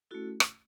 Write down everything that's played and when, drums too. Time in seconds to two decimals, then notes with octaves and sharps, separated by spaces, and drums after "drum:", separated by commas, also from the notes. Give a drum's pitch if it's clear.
0.11 A3 C#4 E4 F#4 A4
0.40 drum: rim click